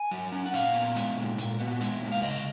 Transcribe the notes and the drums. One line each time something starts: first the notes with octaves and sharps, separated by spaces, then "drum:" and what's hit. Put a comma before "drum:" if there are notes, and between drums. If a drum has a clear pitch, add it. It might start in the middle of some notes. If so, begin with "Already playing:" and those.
Already playing: G#5
F#3
C#4
F#5
A#2 F5, drum: hi-hat
B3
G#3, drum: hi-hat
A#2
A#2, drum: hi-hat
B3
G#3, drum: hi-hat
A#2
F5
C#3 D#5, drum: open hi-hat